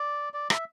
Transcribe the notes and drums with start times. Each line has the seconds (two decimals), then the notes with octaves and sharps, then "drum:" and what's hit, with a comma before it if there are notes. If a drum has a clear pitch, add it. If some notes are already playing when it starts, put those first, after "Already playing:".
Already playing: D5
0.34 D5
0.50 E5, drum: rim click